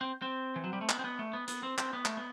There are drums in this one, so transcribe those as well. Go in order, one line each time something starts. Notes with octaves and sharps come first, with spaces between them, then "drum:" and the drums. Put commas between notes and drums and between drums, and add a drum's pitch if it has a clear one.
C4
C4
E3
F#3
G3
A3
B3, drum: clap
C4
B3
A3
B3
B3, drum: hi-hat
C4
C4, drum: clap
B3
A3, drum: clap
B3